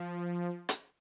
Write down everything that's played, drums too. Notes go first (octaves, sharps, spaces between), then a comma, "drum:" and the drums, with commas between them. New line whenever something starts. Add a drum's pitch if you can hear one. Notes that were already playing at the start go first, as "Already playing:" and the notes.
Already playing: F3
drum: hi-hat